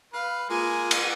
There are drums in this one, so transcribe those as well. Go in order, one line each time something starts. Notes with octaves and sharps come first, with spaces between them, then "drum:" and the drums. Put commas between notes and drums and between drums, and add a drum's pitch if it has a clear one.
B4 F5
G#3 A#3 F4 G#5
drum: cymbal